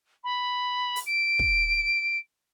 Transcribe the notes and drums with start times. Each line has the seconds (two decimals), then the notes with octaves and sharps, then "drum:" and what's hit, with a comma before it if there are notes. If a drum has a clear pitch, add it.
0.24 B5
0.96 drum: open hi-hat
1.06 D7
1.39 drum: kick